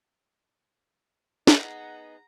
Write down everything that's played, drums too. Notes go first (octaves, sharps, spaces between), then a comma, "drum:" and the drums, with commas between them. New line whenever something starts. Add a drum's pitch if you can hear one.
B3 D#4 G#4 F#5 A#5, drum: snare